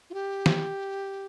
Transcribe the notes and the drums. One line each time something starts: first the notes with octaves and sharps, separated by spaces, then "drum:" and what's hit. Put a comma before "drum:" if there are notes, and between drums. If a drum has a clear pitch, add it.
F4
G4
drum: snare D#3